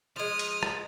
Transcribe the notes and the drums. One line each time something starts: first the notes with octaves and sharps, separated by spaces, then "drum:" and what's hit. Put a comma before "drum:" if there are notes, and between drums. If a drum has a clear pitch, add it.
F3 G#3 D#6 F6
drum: hi-hat
drum: rim click